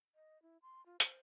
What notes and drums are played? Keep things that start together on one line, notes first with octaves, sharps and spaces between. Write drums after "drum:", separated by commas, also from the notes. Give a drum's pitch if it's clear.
D#5
E4
C6
F4
C5, drum: hi-hat